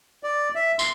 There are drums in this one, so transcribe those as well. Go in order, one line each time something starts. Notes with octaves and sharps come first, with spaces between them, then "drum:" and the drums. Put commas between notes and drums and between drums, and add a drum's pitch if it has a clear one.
D5
E5
C6, drum: tambourine